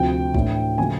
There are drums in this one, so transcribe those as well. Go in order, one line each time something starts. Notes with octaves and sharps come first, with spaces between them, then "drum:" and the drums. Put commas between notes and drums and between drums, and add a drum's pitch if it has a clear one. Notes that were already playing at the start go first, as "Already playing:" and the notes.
Already playing: D2 C3 F3 G5
A2 E3 A3 D4, drum: kick
C#3 F3 A3 G#5